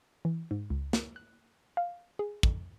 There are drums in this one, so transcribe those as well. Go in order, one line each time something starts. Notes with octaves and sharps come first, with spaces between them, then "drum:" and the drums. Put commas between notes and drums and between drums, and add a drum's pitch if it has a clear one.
E3
G#2
C#2
drum: snare
F#6
F5
G#4
F2, drum: kick